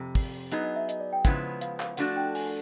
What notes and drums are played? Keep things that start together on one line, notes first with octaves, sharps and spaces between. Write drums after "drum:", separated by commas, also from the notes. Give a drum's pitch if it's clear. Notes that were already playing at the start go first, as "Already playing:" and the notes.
Already playing: F2 C3
drum: kick, open hi-hat
F#3 B3 D#4 G#4 D#5, drum: hi-hat
D#5
E5
D#5, drum: hi-hat
D5
G5
C#3 F3 G#3 B3 E4 F#5, drum: kick, hi-hat
F5, drum: hi-hat
F5, drum: clap
F3 A3 D4 F#4 F#5, drum: hi-hat
G5
G#5, drum: open hi-hat